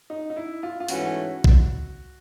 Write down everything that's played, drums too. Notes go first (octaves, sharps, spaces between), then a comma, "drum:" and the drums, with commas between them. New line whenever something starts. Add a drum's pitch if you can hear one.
D#4
D#4
E4
F4
F4
G#2 E3 A3 C#4 F#4, drum: open hi-hat
drum: kick